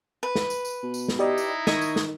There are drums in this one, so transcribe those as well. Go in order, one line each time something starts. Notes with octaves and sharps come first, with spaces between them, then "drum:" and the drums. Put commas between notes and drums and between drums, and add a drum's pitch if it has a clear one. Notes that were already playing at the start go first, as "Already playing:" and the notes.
B4
drum: snare
drum: tambourine
drum: tambourine
B2
drum: tambourine
drum: snare
D#4 E4 G4 D5 D#5
drum: tambourine
D#3 D#5 C#6 G#6, drum: snare
drum: tambourine
drum: snare